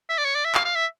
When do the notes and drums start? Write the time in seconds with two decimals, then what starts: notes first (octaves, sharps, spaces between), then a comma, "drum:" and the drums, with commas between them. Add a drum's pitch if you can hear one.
0.09 E5
0.18 D5
0.25 C#5
0.35 D5
0.45 E5
0.55 F5, drum: clap
0.65 F5
0.75 E5